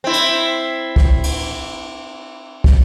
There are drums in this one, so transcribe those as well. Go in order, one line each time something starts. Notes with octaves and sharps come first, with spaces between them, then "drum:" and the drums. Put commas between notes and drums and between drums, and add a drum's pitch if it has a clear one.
C4 E4
drum: hi-hat
drum: kick
drum: cymbal
drum: kick